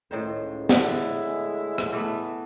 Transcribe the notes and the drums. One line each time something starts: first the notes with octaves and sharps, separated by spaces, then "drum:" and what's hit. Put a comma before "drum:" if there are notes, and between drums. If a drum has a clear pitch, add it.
C#2 A2 D#3 C5
A2 D3 G#3 E4, drum: snare
drum: rim click
E3 A3 B3